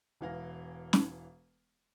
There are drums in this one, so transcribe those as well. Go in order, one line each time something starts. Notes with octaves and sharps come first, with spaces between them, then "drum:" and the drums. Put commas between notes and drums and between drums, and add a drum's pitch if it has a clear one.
E1 E3 F5 A#6
drum: snare